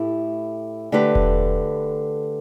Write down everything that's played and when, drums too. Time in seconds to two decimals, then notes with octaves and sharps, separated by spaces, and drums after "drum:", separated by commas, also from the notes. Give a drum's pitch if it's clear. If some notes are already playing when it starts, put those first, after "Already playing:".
Already playing: A2 A3 E4 G4
0.92 D3 A3 G4 B4
1.15 drum: kick E1